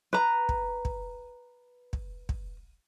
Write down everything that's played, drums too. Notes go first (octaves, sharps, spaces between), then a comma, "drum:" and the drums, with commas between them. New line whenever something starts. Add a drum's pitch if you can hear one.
B4 A#5
drum: kick
drum: kick
drum: kick
drum: kick